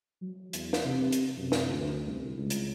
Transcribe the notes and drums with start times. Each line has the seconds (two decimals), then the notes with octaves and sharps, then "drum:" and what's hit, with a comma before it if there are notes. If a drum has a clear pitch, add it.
0.21 F#3
0.53 E2, drum: hi-hat
0.73 drum: snare
0.84 C3
1.12 drum: hi-hat
1.37 F#2
1.52 drum: snare
1.68 D2
2.06 C2
2.36 C#2
2.50 drum: hi-hat